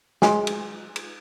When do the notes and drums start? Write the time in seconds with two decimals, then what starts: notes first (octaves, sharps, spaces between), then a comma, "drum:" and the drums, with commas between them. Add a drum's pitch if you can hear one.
0.22 G#3 G#4, drum: snare
0.47 drum: cymbal
0.96 drum: cymbal